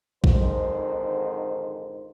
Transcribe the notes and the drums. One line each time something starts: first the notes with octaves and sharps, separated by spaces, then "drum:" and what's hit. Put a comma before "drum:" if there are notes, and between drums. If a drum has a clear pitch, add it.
G#1 F2 G#2 D3 D#3 C5, drum: kick A#1